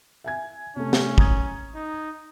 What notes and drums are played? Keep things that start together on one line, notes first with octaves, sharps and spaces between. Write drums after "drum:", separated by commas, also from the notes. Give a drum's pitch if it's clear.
E5 G#5 G#6
C3 A3 C#4
drum: snare
A#5 D#6 G#6, drum: kick
D#4